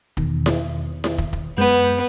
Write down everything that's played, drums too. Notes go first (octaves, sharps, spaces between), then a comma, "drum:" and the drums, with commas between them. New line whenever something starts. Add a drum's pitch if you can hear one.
E2 B2 D#3, drum: kick
drum: snare E4
drum: snare E4
drum: kick
drum: kick
F#2 G#3 B3 G6